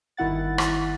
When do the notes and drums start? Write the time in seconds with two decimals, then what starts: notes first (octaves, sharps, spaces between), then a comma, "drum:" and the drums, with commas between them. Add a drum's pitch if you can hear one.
0.17 G1 D#3 E4 F#5 A6
0.58 drum: rim click